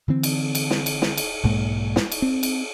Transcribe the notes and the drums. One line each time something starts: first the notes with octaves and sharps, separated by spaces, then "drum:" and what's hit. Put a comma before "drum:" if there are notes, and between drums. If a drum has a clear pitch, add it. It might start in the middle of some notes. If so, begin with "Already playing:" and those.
D3 E3 C4
drum: cymbal
drum: cymbal
drum: snare
drum: cymbal
drum: snare
drum: cymbal
B1 G#2 G#3 A#3
drum: snare
drum: cymbal
C4
drum: cymbal